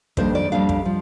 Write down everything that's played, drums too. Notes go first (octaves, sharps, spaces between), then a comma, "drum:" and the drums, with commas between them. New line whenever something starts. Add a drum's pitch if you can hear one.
F2 D#3 G3 A#3 D4 C5, drum: kick
D5
F2 D#3 G3 A#3 D4 F5
drum: kick
F3